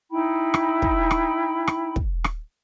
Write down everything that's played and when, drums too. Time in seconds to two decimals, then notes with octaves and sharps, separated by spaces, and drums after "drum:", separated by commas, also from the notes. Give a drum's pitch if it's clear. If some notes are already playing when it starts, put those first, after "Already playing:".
0.11 D#4 E4 G5 B5
0.54 drum: rim click
0.82 drum: kick
1.11 drum: rim click
1.67 drum: rim click
1.96 drum: kick
2.24 drum: rim click